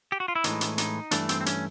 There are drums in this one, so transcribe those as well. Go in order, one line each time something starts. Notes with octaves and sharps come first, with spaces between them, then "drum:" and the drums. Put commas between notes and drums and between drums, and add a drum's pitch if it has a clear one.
G4
F#4
F4
E4
A2 E3 G#3 D#4, drum: hi-hat
drum: hi-hat
D#4, drum: hi-hat
G2 E3 A3 D4, drum: hi-hat
C4, drum: hi-hat
C4
C#4, drum: hi-hat